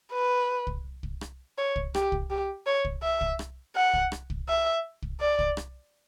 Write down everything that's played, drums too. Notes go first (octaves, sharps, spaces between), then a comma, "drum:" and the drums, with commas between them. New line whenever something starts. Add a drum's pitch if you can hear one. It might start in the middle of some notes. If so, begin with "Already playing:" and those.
B4
drum: kick
drum: kick
drum: rim click
C#5
drum: kick
G4, drum: rim click
drum: kick
G4
C#5
drum: kick
E5
drum: kick
drum: rim click
F#5
drum: kick
drum: rim click
drum: kick
E5
drum: kick
D5
drum: kick
drum: rim click